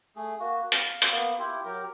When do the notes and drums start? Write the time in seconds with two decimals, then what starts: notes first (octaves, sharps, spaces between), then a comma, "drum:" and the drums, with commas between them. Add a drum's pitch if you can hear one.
0.16 A3 G#4
0.39 A#3 F#4
0.72 F5, drum: hi-hat
1.02 drum: hi-hat
1.11 A#3 B3
1.39 E4 F4 G4
1.64 F#3 G4 A#4